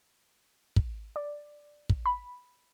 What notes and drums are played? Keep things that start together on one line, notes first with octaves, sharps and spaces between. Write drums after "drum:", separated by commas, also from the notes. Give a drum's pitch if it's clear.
drum: kick
D5
drum: kick
B5